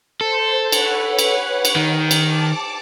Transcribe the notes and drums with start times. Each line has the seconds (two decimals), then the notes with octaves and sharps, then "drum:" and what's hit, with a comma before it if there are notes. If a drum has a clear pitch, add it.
0.21 A4 C5
0.72 B4 C#5 F#5, drum: cymbal
1.19 drum: cymbal
1.65 drum: cymbal
1.76 D#3
2.11 drum: cymbal
2.25 A5 D6